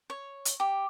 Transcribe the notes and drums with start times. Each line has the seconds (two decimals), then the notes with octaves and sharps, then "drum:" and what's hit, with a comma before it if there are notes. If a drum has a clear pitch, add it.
0.10 C#5
0.45 drum: hi-hat
0.60 G4